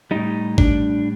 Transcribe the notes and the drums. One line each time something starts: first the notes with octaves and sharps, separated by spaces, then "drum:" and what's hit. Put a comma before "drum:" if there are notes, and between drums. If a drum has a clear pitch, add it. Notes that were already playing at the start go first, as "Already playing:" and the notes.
A2 G3 D#4
D4, drum: kick G#1